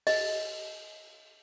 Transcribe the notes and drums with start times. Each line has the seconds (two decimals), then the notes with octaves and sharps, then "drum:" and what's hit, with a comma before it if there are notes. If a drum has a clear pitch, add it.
0.07 D#5, drum: open hi-hat